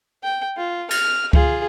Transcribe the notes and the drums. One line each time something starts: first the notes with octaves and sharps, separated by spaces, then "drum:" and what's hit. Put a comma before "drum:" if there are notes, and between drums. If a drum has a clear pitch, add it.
G5
F4
F6, drum: cymbal
F4 G#4, drum: kick C#2